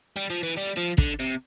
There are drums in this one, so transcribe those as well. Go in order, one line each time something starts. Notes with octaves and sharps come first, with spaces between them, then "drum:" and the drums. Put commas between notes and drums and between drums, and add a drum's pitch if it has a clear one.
G3
F3
E3
G3
F3
D3, drum: kick
C3